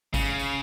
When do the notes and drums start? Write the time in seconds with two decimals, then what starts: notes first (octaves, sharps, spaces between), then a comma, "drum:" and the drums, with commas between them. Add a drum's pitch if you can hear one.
0.14 C#3, drum: kick, tambourine
0.39 drum: tambourine